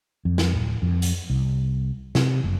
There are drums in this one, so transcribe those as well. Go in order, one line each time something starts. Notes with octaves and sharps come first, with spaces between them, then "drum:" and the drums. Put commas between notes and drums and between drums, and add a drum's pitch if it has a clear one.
F2
drum: snare
D1
F2
drum: hi-hat
C2
C3, drum: snare
F#1